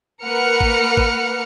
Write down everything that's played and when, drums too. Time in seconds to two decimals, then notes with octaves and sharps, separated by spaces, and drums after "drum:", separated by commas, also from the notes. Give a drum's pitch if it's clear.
0.24 A#3 A#4 B4 F#5 F6 C#7
0.61 drum: kick A1
0.97 drum: kick A1